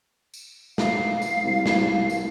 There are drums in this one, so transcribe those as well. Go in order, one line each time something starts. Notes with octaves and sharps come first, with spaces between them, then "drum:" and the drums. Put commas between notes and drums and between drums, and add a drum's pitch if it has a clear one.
drum: tambourine
F5, drum: snare
drum: tambourine
C2
drum: snare
drum: tambourine